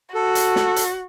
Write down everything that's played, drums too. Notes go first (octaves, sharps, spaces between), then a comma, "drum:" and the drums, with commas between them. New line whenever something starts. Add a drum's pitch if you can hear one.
F#4 A4
drum: hi-hat
drum: snare
drum: hi-hat